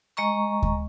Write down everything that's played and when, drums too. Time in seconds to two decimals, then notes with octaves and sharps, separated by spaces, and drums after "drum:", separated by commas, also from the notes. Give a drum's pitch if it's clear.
0.17 G#3 D#5 A#5 C#6
0.62 drum: kick D2